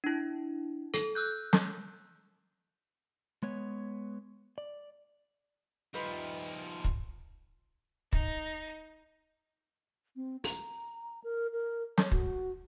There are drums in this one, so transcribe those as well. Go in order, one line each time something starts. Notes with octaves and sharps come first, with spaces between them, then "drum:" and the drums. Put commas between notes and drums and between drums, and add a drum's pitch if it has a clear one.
D4 E4
A4, drum: hi-hat
E6 F#6 G6
drum: snare
G#3 B3 C#5
D5
F3 G3 D#4 F4 B4
drum: kick
D#4, drum: kick
C4
A#5, drum: open hi-hat
A#4
A#4
C#5, drum: snare
F#4, drum: kick